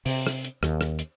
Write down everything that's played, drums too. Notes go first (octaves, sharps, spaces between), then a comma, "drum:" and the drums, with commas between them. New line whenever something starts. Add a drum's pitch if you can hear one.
C3, drum: open hi-hat
drum: rim click
drum: hi-hat
D#2, drum: rim click
drum: rim click
drum: hi-hat